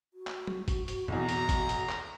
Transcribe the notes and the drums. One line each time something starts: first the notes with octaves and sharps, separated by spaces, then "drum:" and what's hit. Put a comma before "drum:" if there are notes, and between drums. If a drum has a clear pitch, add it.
F#4
drum: clap
drum: tom F#3
drum: kick, hi-hat
drum: hi-hat
B1 E2 A#5, drum: tom F2
drum: hi-hat
drum: kick, hi-hat
drum: hi-hat
drum: clap